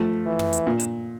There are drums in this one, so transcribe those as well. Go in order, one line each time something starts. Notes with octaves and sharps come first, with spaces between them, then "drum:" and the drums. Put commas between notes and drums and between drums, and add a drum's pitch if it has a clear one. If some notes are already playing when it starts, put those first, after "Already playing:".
Already playing: F3 A3
E3
drum: tom
drum: hi-hat
A#2
drum: hi-hat